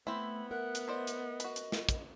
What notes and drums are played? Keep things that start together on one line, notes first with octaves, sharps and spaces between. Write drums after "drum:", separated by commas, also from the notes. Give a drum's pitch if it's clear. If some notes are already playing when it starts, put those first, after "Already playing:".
A3 B3 C4 E4 B5
A#4 E5 F#5 F#6
drum: hi-hat
E4 C5 D5 D#5
drum: hi-hat
F#4 B4, drum: hi-hat
drum: hi-hat
drum: snare
drum: kick, hi-hat